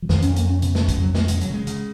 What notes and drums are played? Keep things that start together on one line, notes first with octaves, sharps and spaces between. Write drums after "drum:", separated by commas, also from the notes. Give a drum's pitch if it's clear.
F3
F2 D#3, drum: snare
C#4, drum: hi-hat
F2
A#3, drum: hi-hat
F2 C#4
C#3 B3, drum: hi-hat
A#3, drum: snare
C#3
G#3, drum: kick, hi-hat
F2 F#3
C#3 A#3, drum: snare
C#3 G#3, drum: hi-hat
F#3, drum: hi-hat
C#3 G#3
C#3, drum: hi-hat